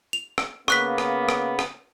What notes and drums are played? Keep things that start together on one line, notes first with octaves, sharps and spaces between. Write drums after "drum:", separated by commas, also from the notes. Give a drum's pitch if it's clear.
F7
drum: rim click
C#3 A#3 B3 C#6 F#6 B6, drum: rim click
drum: rim click
drum: rim click
drum: rim click